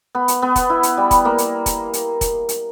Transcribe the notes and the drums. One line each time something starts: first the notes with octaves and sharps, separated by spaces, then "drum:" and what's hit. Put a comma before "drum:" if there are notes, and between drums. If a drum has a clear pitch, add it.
B3
drum: hi-hat
B3
drum: kick, hi-hat
E4
drum: hi-hat
G3
drum: kick, hi-hat
A#3
drum: hi-hat
drum: kick, hi-hat
drum: hi-hat
drum: kick, hi-hat
drum: hi-hat